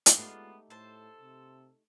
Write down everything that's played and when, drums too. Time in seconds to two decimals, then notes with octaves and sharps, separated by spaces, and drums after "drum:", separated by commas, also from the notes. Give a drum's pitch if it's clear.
0.06 drum: hi-hat
0.17 G#3 A3 B3 D4 D#4 F4 G4
0.70 A2 A4 C5 A5
1.21 C3